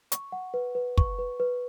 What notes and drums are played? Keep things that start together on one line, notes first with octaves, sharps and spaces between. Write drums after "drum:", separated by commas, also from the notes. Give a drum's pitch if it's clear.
C#6, drum: hi-hat
F#5
B4
B4
C#6, drum: kick
B4
B4